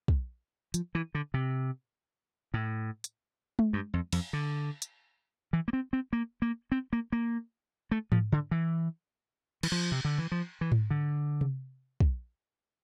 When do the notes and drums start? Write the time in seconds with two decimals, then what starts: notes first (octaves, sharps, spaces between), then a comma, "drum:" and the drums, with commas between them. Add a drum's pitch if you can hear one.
0.08 drum: kick
0.74 F3, drum: hi-hat
0.95 E3
1.15 D3
1.34 C3
2.54 A2
3.04 drum: hi-hat
3.59 drum: tom G#3
3.73 G2
3.94 F2
4.13 F2, drum: cymbal
4.33 D3
4.82 drum: hi-hat
5.53 E3
5.68 A#3
5.73 C4
5.93 C4
6.13 A#3
6.42 A#3
6.72 C4
6.93 A#3
7.12 A#3
7.91 A3
8.12 F3, drum: tom G#2
8.32 D3
8.51 E3
9.63 E3, drum: cymbal
9.72 F3
9.92 C3
10.05 D3
10.18 E3
10.32 F3
10.61 E3
10.72 drum: tom G#2
10.90 D3
11.41 drum: tom C3
12.00 drum: kick